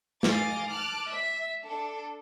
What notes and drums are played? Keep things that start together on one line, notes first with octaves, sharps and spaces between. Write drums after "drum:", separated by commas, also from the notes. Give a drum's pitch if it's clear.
D#5 F5 G#5 D6 A6, drum: snare
A5 D6 F6 F#6
E5
D4 A4